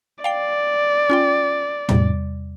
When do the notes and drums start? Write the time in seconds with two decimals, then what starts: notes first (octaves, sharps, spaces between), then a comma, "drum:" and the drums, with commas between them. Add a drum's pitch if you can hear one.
0.24 D5 F5 G5 C7
1.10 C#4 F4 G5
1.89 E2 C3 G3, drum: tom